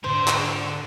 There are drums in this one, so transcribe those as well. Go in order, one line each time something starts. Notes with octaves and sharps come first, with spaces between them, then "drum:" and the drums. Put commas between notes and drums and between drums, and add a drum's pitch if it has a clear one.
G#2 D3 D4 C5
drum: clap